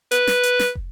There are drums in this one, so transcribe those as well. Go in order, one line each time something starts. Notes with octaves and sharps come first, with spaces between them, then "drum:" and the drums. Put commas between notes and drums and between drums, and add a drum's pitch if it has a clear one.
B4, drum: hi-hat
drum: snare
drum: hi-hat
drum: snare
drum: kick